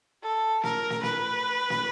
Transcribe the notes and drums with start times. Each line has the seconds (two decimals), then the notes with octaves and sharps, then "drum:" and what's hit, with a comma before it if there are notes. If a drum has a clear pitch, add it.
0.23 A4
0.63 A#4, drum: snare
0.90 drum: snare
1.03 B4, drum: snare
1.70 drum: snare